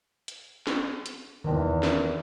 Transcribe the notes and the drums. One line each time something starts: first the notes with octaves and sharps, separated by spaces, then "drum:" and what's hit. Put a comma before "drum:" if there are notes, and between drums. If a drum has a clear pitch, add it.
drum: hi-hat
drum: snare
drum: hi-hat
E2 D#3
drum: snare